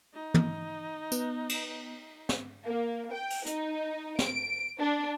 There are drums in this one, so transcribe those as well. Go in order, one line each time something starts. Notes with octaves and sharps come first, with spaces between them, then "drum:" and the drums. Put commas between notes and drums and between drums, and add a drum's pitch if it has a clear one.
D#4
drum: tom
B3, drum: tambourine
drum: cymbal
drum: snare
A#3
G5
drum: open hi-hat
D#4, drum: hi-hat
D7, drum: snare
D4